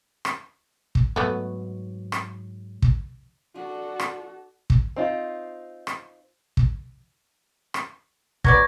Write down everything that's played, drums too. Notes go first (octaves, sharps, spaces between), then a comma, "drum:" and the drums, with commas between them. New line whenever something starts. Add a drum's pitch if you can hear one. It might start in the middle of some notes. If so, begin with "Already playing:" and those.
drum: rim click
drum: kick
G#2 F#3 A3 B3
drum: rim click
drum: kick
D4 F#4 A4
drum: rim click
drum: kick
C4 D#4 F4
drum: rim click
drum: kick
drum: rim click
F#3 B3 D5 C#6 G#6 A#6, drum: kick